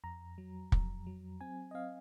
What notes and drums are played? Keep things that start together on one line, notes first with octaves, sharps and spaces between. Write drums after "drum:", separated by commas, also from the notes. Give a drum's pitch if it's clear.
F2 A#5
F#3
F2, drum: kick
F#3
C4 G#5
D#5
C4 F5